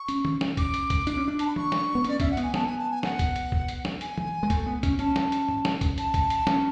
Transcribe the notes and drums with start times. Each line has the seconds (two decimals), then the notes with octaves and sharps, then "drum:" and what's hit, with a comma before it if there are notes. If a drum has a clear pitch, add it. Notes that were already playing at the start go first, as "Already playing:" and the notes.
Already playing: C#6
0.08 C#4, drum: hi-hat
0.25 drum: tom
0.41 drum: snare
0.57 D6, drum: kick C2, hi-hat
0.74 drum: hi-hat
0.90 drum: kick C2, hi-hat
1.07 D4, drum: hi-hat
1.17 C#4
1.28 D4
1.39 A5, drum: hi-hat
1.47 B5
1.56 C#6, drum: tom
1.72 drum: snare
1.95 B3
2.04 C#4 D5, drum: hi-hat
2.20 C#4 E5, drum: kick C2, hi-hat
2.31 F#5
2.37 B3, drum: hi-hat
2.42 G#5
2.54 B3 A5, drum: snare
2.66 G#5
2.79 A5
2.90 G#5
3.03 F#5, drum: snare
3.19 drum: kick C2, hi-hat
3.36 drum: hi-hat
3.52 drum: kick C2
3.68 drum: hi-hat
3.85 drum: snare
4.01 G#5, drum: hi-hat
4.18 drum: tom
4.43 G#3
4.50 A3, drum: kick C2, hi-hat
4.66 B3
4.83 C#4, drum: kick C2, hi-hat
4.99 C#4 A5, drum: hi-hat
5.16 drum: snare
5.32 drum: hi-hat
5.49 drum: tom
5.65 drum: snare
5.81 drum: kick C2, hi-hat
5.98 A5, drum: hi-hat
6.14 drum: kick C2, hi-hat
6.30 drum: hi-hat
6.47 C#4, drum: snare